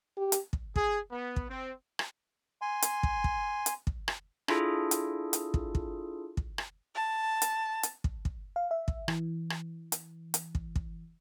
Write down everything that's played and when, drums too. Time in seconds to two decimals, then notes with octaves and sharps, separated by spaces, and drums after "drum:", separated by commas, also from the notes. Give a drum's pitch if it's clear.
0.18 G4
0.32 drum: hi-hat
0.53 drum: kick
0.76 G#4, drum: kick
1.11 B3
1.36 drum: kick
1.50 C4
1.99 drum: rim click
2.62 G#5 C6
2.82 drum: hi-hat
3.03 drum: kick
3.24 drum: kick
3.66 drum: hi-hat
3.87 drum: kick
4.08 drum: rim click
4.48 D4 E4 F4 G#4 A4, drum: rim click
4.91 drum: hi-hat
5.33 drum: hi-hat
5.54 drum: kick
5.75 drum: kick
6.37 drum: kick
6.58 drum: rim click
6.95 A5
7.42 drum: hi-hat
7.83 drum: hi-hat
8.04 drum: kick
8.25 drum: kick
8.56 F5
8.71 E5
8.88 drum: kick
9.08 E3, drum: rim click
9.50 drum: rim click
9.92 drum: hi-hat
10.34 drum: hi-hat
10.55 drum: kick
10.76 drum: kick